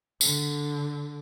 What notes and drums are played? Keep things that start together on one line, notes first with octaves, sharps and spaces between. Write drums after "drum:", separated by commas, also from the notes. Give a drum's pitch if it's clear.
D3, drum: tambourine